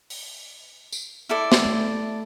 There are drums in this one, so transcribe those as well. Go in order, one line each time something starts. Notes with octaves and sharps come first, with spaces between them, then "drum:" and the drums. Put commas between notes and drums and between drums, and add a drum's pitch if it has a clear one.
drum: open hi-hat
drum: tambourine
E4 A4 D5
drum: snare
A3